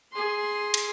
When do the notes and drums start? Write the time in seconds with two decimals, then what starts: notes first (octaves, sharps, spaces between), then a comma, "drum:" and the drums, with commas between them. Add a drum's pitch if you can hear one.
0.13 G#4 C6
0.74 drum: cymbal